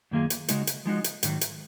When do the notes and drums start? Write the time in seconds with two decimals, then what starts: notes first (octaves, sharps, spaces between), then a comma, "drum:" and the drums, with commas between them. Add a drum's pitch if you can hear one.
0.11 F#2 D#3 A#3 F4 G#4
0.30 drum: hi-hat
0.48 C#3 G#3 D#4 F#4, drum: hi-hat
0.67 drum: hi-hat
0.86 F3 G#3 D#4 F#4
1.04 drum: hi-hat
1.23 G#2 D#3 F#3, drum: hi-hat
1.41 drum: hi-hat